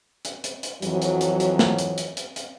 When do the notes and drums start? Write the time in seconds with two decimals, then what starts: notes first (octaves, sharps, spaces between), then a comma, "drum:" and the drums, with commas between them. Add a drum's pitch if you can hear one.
0.25 drum: hi-hat
0.44 drum: hi-hat
0.63 drum: hi-hat
0.82 F2 E3 F#3, drum: hi-hat
1.02 drum: hi-hat
1.21 drum: hi-hat
1.40 drum: hi-hat
1.59 drum: snare
1.79 drum: hi-hat
1.98 drum: hi-hat
2.17 drum: hi-hat
2.36 drum: hi-hat